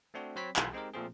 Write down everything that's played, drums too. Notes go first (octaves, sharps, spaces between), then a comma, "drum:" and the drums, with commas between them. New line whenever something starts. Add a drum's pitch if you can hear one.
A3 C4 D4 F#4
F#3 C4 C#5 B5 B6
B1 E3 F4 A4 B5 C6, drum: clap
G#3 C4 D#4 G4 A#4
A#2 F3 A3 C4 G#4